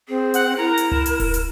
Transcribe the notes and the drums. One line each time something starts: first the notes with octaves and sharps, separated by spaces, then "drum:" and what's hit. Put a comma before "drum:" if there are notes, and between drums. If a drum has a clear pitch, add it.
C4 G#4
F#5, drum: hi-hat
E4 A#4 A#5
drum: hi-hat
E7, drum: tom C#2
drum: hi-hat
drum: kick D#1, open hi-hat
drum: hi-hat